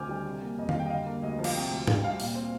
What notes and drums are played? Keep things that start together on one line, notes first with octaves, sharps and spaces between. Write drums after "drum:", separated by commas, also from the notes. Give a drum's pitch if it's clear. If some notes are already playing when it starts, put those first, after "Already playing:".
Already playing: D2 D3 D#3 C4 G#5 D6 F6 G6
G3
C3
A#3
F2 D#5
F5, drum: tom D#3
G3 G5
D#5
D3 F5
A#3
D2 D#5
F3
F5, drum: cymbal
C3 G5
D2
D2 F5, drum: tom
G3 F5
A#2 F5, drum: open hi-hat
C4